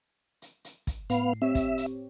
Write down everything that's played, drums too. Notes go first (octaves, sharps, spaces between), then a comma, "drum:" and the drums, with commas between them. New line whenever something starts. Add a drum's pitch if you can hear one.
drum: hi-hat
drum: hi-hat
drum: kick, hi-hat
A2 B3 F5 C7, drum: hi-hat
C4 G4 C#5 E5
drum: kick, hi-hat
drum: hi-hat